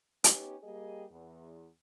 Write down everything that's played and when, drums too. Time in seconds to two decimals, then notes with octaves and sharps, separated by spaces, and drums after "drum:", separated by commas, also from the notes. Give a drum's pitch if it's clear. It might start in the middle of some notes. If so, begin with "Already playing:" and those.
0.24 B3 C#4 D#4 G4, drum: hi-hat
0.63 G3 A#3 G4 G#4 D#5
1.11 E2